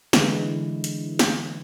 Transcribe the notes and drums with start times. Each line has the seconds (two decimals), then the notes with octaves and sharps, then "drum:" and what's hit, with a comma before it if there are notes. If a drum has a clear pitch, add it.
0.13 D3 E3 G#3 E4, drum: snare
0.84 drum: hi-hat
1.19 drum: snare